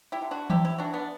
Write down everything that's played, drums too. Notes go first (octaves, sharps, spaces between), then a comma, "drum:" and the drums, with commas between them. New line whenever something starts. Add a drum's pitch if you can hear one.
E4 G4
D3
D4 F#4
C3 E4 G4, drum: tom E3
E4 G4
E3 D4 F#4
B3 D4